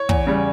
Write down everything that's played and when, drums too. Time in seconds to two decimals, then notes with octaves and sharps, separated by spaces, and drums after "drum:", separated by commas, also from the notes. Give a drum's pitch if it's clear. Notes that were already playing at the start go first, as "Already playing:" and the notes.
Already playing: C#5
0.09 E2, drum: kick
0.27 C#3 G3